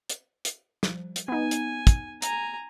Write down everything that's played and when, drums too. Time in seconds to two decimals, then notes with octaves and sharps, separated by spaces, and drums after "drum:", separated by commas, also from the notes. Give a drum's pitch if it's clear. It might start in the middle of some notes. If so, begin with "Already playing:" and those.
0.10 drum: hi-hat
0.45 drum: hi-hat
0.83 F3 G3, drum: snare
1.16 drum: hi-hat
1.28 B3 D#4 G#5
1.51 drum: hi-hat
1.87 drum: kick, hi-hat
2.22 G#5 A#5, drum: hi-hat